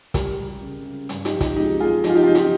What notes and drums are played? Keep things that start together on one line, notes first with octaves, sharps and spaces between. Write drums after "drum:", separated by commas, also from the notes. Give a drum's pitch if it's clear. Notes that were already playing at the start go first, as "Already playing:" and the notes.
G3 G4 A#4, drum: kick, hi-hat
G3
C#3
C#3
G2, drum: hi-hat
D#4 G4, drum: hi-hat
F3
D#4 G4, drum: kick, hi-hat
G#3 D#4 G4
G#3 F4 G#4
F3 D#4 G4, drum: hi-hat
F4
D#4 G4
F4
C#2 D#4
G4, drum: hi-hat
F4